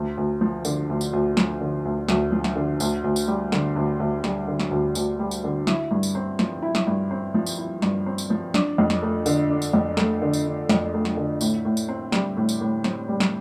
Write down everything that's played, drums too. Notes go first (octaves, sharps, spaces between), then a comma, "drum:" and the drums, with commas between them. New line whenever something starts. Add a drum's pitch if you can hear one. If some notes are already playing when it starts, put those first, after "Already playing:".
Already playing: D2
D2
F3
D3, drum: tambourine
D2
drum: tambourine
D2
F3, drum: snare
D3
D2
D2, drum: snare
F3
drum: snare
D3
D2, drum: tambourine
D2
drum: tambourine
G3
D3, drum: snare
D2
D2
G3, drum: snare
D3
drum: snare
D2
D2, drum: tambourine
G3
drum: tambourine
D3
E4, drum: snare
G2
drum: tambourine
C4
F3, drum: snare
E4
drum: snare
G2
C4
F3
drum: tambourine
E4
G2, drum: snare
C4
drum: tambourine
F3
D4, drum: snare
F2
drum: snare
A3
D3, drum: tambourine
D4
drum: tambourine
F2
A3, drum: snare
D3
drum: tambourine
D4
F2, drum: snare
A3
drum: snare
D3
A2, drum: tambourine
A2
drum: tambourine
C4
G3, drum: snare
A2
drum: tambourine
A2
C4, drum: snare
G3
drum: snare